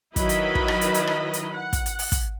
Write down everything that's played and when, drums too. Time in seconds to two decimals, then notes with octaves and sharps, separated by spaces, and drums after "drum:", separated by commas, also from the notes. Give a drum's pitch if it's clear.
0.16 D#3 F#3 E4 B4 D#5 B5, drum: kick, hi-hat
0.29 drum: hi-hat
0.55 drum: kick
0.68 drum: rim click
0.81 drum: hi-hat
0.94 drum: hi-hat
1.07 drum: rim click
1.33 drum: hi-hat
1.53 F#5
1.73 drum: kick, hi-hat
1.86 drum: hi-hat
1.99 drum: open hi-hat
2.12 drum: kick, hi-hat